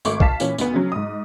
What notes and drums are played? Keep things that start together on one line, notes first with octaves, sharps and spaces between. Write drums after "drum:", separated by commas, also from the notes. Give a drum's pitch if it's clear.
G#1 A3 C#6 D6, drum: tambourine
F5 A5 B6, drum: kick C2
A#2 E3 C#4, drum: tambourine
D2 B3, drum: tambourine
C#3 F#3
G#2 D#6